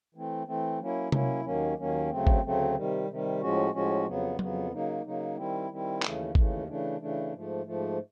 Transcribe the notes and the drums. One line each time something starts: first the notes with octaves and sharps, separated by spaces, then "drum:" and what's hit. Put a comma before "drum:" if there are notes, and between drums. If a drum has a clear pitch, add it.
E3 A3 C4
E3 A3 C4
F#3 A#3 C#4 E4
F#3 A#3 C#4 E4, drum: tom C3
D#2 D#3 F#3 A#3 C#4
D#2 D#3 F#3 A#3 C#4
D2 C#3 F#3 A3 C4
drum: kick G#1
D2 C#3 F#3 A3 C4
C3 D#3 G3
C3 D#3 G3
A2 F3 G#3 C#4 F#4
A2 F3 G#3 C#4 F#4
F2 C#3 F#3 B3
F2 C#3 F#3 B3, drum: tom F#3
C#3 F#3 A#3 D#4
C#3 F#3 A#3 D#4
D#3 G3 C4 E4
D#3 G3 C4 E4
D#2 C#3 E3 A3, drum: clap
D#2 C#3 E3 A3, drum: kick G#1
C#3 E3 A3 D4
C#3 E3 A3 D4
G#2 F3 A3
G#2 F3 A3